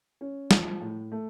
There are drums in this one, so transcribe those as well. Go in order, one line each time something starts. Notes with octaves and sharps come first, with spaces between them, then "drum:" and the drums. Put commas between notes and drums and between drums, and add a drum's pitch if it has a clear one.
C#4
F3, drum: snare
A2
A3